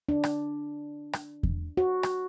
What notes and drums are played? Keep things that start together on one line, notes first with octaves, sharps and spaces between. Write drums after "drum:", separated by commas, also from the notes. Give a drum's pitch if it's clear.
D4
drum: rim click
drum: rim click
drum: kick E2
F#4
drum: rim click